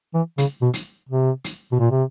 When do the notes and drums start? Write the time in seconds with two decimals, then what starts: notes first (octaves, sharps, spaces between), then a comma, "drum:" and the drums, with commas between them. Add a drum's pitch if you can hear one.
0.14 E3
0.38 C#3, drum: hi-hat
0.62 B2
0.73 drum: hi-hat
1.09 C3
1.44 drum: hi-hat
1.72 B2
1.80 A#2
1.91 C3